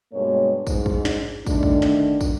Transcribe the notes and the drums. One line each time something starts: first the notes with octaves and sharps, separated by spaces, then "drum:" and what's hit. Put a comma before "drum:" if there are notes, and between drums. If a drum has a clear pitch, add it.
G2 B2 G#3 A#3 C#5
G#2, drum: kick, tambourine
drum: kick
drum: snare
D3 D#3 A3 D4, drum: kick, tambourine
drum: kick
drum: snare
drum: kick, tambourine